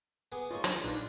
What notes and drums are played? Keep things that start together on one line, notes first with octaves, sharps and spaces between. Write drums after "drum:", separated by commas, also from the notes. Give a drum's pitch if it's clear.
B3 G#4 D6
G#3 A#3 C#4 D#4 F4 C#6
F#3, drum: hi-hat
A#1 D4 D#4 F4 B4 D5